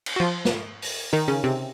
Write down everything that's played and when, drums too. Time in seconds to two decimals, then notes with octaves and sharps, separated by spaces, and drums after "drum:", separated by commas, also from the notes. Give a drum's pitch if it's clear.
0.06 drum: cymbal
0.16 F#4
0.20 F3 F4
0.45 drum: snare
0.82 drum: open hi-hat
1.13 D#3 D#4
1.28 C#3 C#4
1.44 C3 C4